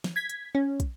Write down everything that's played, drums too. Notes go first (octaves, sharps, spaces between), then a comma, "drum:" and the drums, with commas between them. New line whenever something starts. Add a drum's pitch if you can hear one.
drum: snare
G#6 B6
drum: hi-hat
C#4
drum: kick, hi-hat